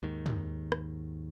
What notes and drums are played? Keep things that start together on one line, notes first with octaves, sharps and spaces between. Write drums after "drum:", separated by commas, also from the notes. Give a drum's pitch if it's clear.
D#2 G#2 D#3
drum: tom
drum: rim click